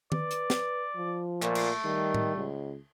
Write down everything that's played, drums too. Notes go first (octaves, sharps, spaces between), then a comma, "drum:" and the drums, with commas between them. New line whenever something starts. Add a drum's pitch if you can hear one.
B4 D5, drum: tom D#3
drum: hi-hat
drum: snare
F3
A#2 A3, drum: clap
drum: cymbal
D#3 G3
drum: tom A2
C#2